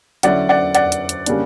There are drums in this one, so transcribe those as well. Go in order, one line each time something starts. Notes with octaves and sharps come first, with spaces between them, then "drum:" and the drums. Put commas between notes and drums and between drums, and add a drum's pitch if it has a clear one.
D3 F#3 C#4 E4 D5 F#5, drum: hi-hat
D5 F#5
D5 F#5, drum: hi-hat
drum: hi-hat
drum: hi-hat
C#3 G3 A#3 D4, drum: hi-hat